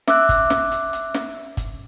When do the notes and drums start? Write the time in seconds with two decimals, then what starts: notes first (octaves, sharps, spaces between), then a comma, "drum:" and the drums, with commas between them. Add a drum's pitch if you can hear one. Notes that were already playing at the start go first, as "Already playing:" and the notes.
0.08 E5 D6 E6 F#6, drum: snare
0.29 drum: kick G1, hi-hat
0.50 drum: snare
0.72 drum: hi-hat
0.93 drum: hi-hat
1.14 drum: snare
1.57 drum: kick G1, hi-hat